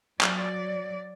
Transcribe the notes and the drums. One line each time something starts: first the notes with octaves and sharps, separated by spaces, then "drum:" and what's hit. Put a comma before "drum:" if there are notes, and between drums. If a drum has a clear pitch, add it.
F#3 D5, drum: clap